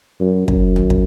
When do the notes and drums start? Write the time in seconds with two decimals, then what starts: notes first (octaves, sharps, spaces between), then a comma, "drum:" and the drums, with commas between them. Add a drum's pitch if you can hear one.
0.20 F#2
0.48 F#2, drum: kick
0.76 drum: tom
0.90 drum: kick